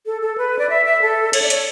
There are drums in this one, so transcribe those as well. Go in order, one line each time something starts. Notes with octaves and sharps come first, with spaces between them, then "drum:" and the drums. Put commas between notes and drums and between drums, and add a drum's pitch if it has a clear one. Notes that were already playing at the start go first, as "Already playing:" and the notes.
A4
A4
B4
D5
E5
E5
A4
C#5, drum: cymbal
D5
C#5, drum: hi-hat